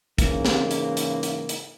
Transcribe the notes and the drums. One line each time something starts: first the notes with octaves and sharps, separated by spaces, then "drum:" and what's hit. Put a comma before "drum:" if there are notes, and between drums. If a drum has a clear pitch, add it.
G#2 C#3 E3 A#3, drum: kick, hi-hat
drum: snare
drum: hi-hat
drum: hi-hat
drum: hi-hat
drum: hi-hat